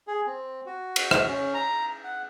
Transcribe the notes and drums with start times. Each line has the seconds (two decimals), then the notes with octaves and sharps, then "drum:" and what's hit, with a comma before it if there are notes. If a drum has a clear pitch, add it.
0.07 G#4
0.27 C4
0.66 F#4
0.96 drum: cymbal
1.11 drum: rim click
1.28 C#4
1.54 A#5
2.04 F#5